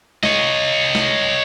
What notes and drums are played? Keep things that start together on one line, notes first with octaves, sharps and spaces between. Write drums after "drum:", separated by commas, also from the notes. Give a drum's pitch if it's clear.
C#5 D#5, drum: snare
drum: snare